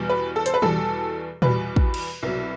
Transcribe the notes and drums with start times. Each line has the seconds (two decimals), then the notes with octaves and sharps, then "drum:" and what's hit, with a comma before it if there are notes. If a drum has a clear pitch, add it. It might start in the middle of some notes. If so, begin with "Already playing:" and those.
Already playing: E2 B2 G3
0.09 B4
0.36 A4
0.46 C5, drum: hi-hat
0.54 B4
0.62 E2 B2 G3 A4, drum: tom
1.42 E2 B2 G3 B4, drum: tom A#2
1.76 drum: kick
1.94 drum: cymbal
2.23 C2 B2 F#3